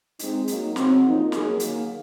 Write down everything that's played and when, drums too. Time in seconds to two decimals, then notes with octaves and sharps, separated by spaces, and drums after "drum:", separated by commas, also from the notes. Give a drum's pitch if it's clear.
0.19 G#3 C4 D#4, drum: hi-hat
0.48 F#3 A#3 D#4, drum: hi-hat
0.76 C#3 F#3 C4, drum: snare
1.04 F3 A#3 D#4
1.32 F#3 A#3 C#4 G#4, drum: snare
1.60 D#3 F#3 A#3, drum: hi-hat